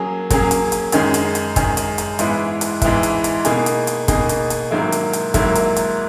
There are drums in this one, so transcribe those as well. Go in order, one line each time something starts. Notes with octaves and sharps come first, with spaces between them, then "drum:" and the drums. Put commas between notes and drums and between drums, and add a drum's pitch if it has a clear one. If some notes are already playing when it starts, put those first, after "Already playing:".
Already playing: F#3 A#3 C#4 G#4
F#3 A#3 C#4 G#4, drum: kick, hi-hat
drum: hi-hat
drum: hi-hat
F#2 D#3 G#3 C#4 G#4, drum: hi-hat
drum: hi-hat
drum: hi-hat
F#2 D#3 G#3 C#4 G#4, drum: kick, hi-hat
drum: hi-hat
drum: hi-hat
G#2 E3 G#3 B3 E4, drum: hi-hat
drum: hi-hat
G#2 E3 G#3 B3 E4, drum: kick, hi-hat
drum: hi-hat
drum: hi-hat
B2 A#3 D#4 G#4, drum: hi-hat
drum: hi-hat
drum: hi-hat
B2 A#3 D#4 G#4, drum: kick, hi-hat
drum: hi-hat
drum: hi-hat
G#2 D#3 F#3 A#3 E4
drum: hi-hat
drum: hi-hat
G#2 D#3 F#3 A#3 E4, drum: kick, hi-hat
drum: hi-hat
drum: hi-hat